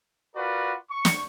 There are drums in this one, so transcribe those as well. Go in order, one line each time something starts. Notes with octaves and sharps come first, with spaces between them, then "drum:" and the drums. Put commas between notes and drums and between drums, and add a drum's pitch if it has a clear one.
F4 F#4 A#4 B4 D5
C#6
drum: snare